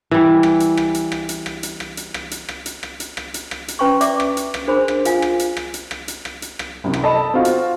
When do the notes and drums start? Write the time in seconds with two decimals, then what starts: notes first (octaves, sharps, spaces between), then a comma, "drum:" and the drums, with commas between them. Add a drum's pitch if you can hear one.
0.11 E3 G3
0.43 drum: rim click
0.60 drum: hi-hat
0.77 drum: rim click
0.95 drum: hi-hat
1.12 drum: rim click
1.29 drum: hi-hat
1.46 drum: rim click
1.63 drum: hi-hat
1.80 drum: rim click
1.97 drum: hi-hat
2.14 drum: rim click
2.31 drum: hi-hat
2.49 drum: rim click
2.66 drum: hi-hat
2.83 drum: rim click
3.00 drum: hi-hat
3.17 drum: rim click
3.34 drum: hi-hat
3.51 drum: rim click
3.68 drum: hi-hat
3.79 C#4 B4 G5 A#5 C6 C#6
4.01 D5 E5 D6, drum: hi-hat
4.20 drum: rim click
4.37 drum: hi-hat
4.54 drum: rim click
4.67 D4 G#4 A#4 C5 B5 C6
4.88 drum: rim click
5.05 F4 F5 G#5, drum: hi-hat
5.22 drum: rim click
5.39 drum: hi-hat
5.57 drum: rim click
5.74 drum: hi-hat
5.91 drum: rim click
6.08 drum: hi-hat
6.25 drum: rim click
6.42 drum: hi-hat
6.59 drum: rim click
6.84 C2 F#2
6.94 drum: rim click
7.03 A4 D#5 A5 B5
7.34 C4 F4 F#4
7.45 drum: hi-hat